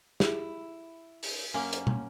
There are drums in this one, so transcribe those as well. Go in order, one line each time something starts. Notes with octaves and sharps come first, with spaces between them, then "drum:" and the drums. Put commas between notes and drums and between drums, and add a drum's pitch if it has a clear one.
E4 G4 G#4, drum: snare
drum: open hi-hat
F#2 A#3 C#4
drum: hi-hat
drum: tom